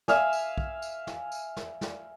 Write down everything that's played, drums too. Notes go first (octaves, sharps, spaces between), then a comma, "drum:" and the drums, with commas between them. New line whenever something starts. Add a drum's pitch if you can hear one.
E5 F5 G#5, drum: snare
drum: tambourine
drum: kick
drum: tambourine
drum: snare
drum: tambourine
drum: snare
drum: snare